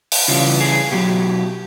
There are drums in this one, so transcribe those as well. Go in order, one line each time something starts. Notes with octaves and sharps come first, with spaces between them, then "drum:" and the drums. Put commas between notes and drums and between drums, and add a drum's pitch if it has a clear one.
drum: open hi-hat
C#3 E3 G3 F4
G#4
B2 F#3 G4